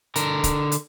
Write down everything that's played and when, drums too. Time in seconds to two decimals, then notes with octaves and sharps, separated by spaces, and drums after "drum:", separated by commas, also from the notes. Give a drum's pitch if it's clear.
0.16 D3 A#4, drum: hi-hat
0.44 drum: kick, hi-hat
0.72 drum: hi-hat